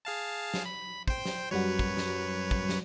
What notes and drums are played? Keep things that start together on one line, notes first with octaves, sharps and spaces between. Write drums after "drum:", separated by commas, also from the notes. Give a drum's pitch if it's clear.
G#4 F5 A5
drum: snare
B5
C5 G5, drum: kick
drum: snare
F#2 F#3 G3 F#4 B4 C#5
drum: kick
drum: snare
drum: kick
drum: snare